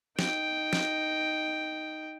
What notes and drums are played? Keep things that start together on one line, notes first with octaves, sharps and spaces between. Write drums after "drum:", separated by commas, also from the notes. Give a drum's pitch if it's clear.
D#4 G5, drum: snare
drum: snare